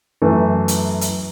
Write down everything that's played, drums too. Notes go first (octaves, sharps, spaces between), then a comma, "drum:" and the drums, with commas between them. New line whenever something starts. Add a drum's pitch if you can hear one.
F#2 E3 A3
drum: hi-hat
drum: hi-hat